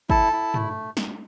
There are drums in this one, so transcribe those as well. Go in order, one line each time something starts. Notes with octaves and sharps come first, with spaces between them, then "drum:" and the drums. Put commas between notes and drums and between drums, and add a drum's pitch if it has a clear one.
E4 A4 A5, drum: kick
E4
A3, drum: tom
drum: snare